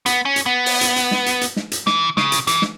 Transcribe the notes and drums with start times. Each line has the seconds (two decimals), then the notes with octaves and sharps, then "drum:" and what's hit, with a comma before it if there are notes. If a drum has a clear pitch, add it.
0.06 B3, drum: hi-hat
0.25 C#4
0.36 drum: hi-hat
0.46 B3
0.66 drum: open hi-hat
0.81 drum: hi-hat
0.96 drum: hi-hat
1.11 drum: snare
1.26 drum: hi-hat
1.41 drum: hi-hat
1.56 drum: snare
1.72 drum: hi-hat
1.87 E3, drum: snare
2.17 C#3, drum: snare
2.32 drum: hi-hat
2.47 E3, drum: hi-hat
2.62 drum: snare